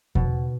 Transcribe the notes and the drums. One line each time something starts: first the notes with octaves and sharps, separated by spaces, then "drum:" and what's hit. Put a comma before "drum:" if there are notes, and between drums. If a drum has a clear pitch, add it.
B2, drum: kick E2